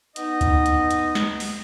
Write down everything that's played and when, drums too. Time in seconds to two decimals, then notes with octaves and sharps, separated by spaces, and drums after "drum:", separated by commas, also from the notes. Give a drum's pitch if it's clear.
0.16 B3 D#4 D#5, drum: hi-hat
0.41 drum: kick C#2, hi-hat
0.66 drum: hi-hat
0.91 drum: hi-hat
1.15 drum: snare
1.40 drum: open hi-hat